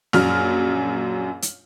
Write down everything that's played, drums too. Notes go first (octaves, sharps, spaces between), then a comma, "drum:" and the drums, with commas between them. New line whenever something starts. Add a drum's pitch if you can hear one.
A#1 F#2 F6, drum: snare
drum: hi-hat